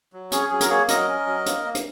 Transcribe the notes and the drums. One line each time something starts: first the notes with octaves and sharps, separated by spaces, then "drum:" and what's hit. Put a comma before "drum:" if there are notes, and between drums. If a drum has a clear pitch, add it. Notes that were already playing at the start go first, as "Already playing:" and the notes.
F#3
C#4 G#4 C#5, drum: hi-hat
F#3 G#4
A#4, drum: hi-hat
A#3 G#4 C#5
F#3 A#4 D#5, drum: hi-hat
C#4
F#3
A#3, drum: hi-hat
A#3
drum: hi-hat